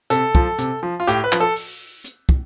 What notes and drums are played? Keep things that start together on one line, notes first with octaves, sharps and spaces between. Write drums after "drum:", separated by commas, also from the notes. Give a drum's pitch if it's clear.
C3 A4, drum: hi-hat
F3, drum: kick
C3, drum: hi-hat
F3
F4
A2 G4, drum: hi-hat
B4
F3, drum: clap
A4
drum: open hi-hat
drum: hi-hat
drum: kick